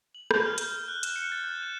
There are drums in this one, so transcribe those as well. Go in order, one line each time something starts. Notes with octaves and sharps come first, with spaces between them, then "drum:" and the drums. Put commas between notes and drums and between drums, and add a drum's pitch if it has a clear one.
F#7
G6, drum: rim click
F6
G6, drum: hi-hat
G6
F#6
E7, drum: hi-hat
C#7
A6
G6
E7